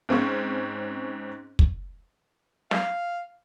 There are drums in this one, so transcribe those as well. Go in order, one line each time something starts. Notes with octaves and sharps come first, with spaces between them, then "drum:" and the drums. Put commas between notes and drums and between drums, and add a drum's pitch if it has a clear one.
G#2 C4 C#4 C#6
drum: kick
F5, drum: snare